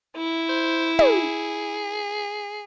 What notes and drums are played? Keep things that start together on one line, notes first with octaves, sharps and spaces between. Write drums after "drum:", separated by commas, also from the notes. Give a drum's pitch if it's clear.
E4
C5
G#4, drum: tom